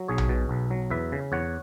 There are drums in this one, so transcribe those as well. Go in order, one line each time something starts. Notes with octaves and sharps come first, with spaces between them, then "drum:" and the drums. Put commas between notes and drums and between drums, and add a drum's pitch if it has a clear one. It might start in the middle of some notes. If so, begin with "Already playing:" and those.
Already playing: F#3
B1 G#4 C#5
drum: tom A#1
B2
B1
F#3
E2 B4 E5
C#3
E2 C#5 F#5